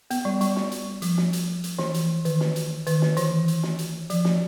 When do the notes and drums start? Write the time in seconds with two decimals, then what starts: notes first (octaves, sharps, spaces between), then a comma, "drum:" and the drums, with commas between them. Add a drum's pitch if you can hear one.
0.11 B3, drum: hi-hat
0.25 G3
0.41 G3, drum: hi-hat
0.56 drum: snare
0.72 drum: hi-hat
1.02 F3, drum: hi-hat
1.18 drum: snare
1.33 drum: hi-hat
1.64 drum: hi-hat
1.79 E3, drum: snare
1.94 drum: hi-hat
2.25 D#3, drum: hi-hat
2.40 drum: snare
2.56 drum: hi-hat
2.87 D#3, drum: hi-hat
3.02 drum: snare
3.17 E3, drum: hi-hat
3.48 drum: hi-hat
3.63 drum: snare
3.79 drum: hi-hat
4.10 F3, drum: hi-hat
4.25 drum: snare